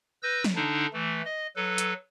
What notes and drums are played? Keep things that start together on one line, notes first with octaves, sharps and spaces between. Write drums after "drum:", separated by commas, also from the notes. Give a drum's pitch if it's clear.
B4 E6 G6 A#6
drum: snare
D3 D4 D#4
E3 A3
D#5
F#3 A4 B4
drum: hi-hat